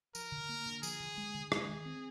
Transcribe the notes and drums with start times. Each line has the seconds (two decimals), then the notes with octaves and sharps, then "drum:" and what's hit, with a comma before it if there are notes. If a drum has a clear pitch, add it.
0.15 F3 A#4, drum: tambourine
0.32 D3
0.49 A#3
0.66 D3
0.83 F3 G#4, drum: tambourine
1.00 D3
1.18 G#3
1.34 D3
1.52 G#3 G#4, drum: rim click
1.69 D#3
1.86 C4